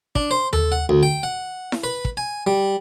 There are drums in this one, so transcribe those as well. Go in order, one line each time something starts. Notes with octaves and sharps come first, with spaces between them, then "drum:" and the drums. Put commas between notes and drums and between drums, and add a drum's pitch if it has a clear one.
D4, drum: kick
C5
A4, drum: tom D#2
F#5
D2
G5
F#5
drum: snare E4
B4
drum: kick
G#5
G3